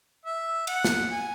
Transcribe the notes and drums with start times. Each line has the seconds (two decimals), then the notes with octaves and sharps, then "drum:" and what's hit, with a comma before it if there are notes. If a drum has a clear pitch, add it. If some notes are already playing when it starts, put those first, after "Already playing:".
0.25 E5
0.67 F#5, drum: cymbal
0.85 drum: snare
1.11 G#5